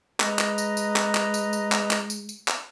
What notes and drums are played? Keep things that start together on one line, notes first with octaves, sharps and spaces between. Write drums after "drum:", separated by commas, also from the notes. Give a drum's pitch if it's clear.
G#3 B4 D#5 A#5, drum: clap
drum: clap
drum: tambourine
drum: tambourine
drum: clap
drum: clap
drum: tambourine
drum: tambourine
drum: clap
drum: clap
drum: tambourine
drum: tambourine
drum: clap